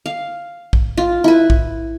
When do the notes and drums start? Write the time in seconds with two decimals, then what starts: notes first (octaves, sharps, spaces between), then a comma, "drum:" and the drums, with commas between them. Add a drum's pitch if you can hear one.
0.06 F5
0.73 drum: kick A#1
0.97 F4
1.24 E4 B4
1.50 drum: kick A#1